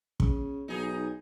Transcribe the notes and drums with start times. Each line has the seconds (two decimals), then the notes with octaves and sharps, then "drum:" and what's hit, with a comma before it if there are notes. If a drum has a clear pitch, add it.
0.20 C#3, drum: kick
0.68 B1 D#4 G#4